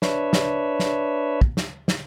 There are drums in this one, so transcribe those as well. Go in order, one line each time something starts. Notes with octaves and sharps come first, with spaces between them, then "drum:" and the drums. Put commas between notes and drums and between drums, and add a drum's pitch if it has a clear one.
D4 B4 C#5 E5, drum: snare
drum: snare
drum: snare
drum: kick
drum: snare
drum: snare